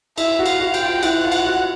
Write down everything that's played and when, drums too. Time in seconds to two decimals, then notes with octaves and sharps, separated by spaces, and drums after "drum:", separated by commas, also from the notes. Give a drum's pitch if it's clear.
0.18 E4 E5, drum: cymbal
0.39 F#4
0.46 F5, drum: cymbal
0.60 F#4
0.74 G5, drum: cymbal
0.81 F4
1.03 E4 F#5, drum: cymbal
1.24 F4
1.32 F#5, drum: cymbal
1.45 F#4